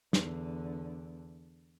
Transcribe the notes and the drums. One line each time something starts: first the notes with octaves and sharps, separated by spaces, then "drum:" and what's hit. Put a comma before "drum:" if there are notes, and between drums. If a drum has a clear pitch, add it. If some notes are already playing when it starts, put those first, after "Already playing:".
E2 D3, drum: snare